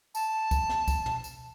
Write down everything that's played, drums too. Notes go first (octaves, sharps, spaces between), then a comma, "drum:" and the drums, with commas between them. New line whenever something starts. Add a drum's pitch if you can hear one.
A5, drum: tambourine
drum: kick, tambourine
drum: snare
drum: kick, tambourine
drum: tom
drum: tambourine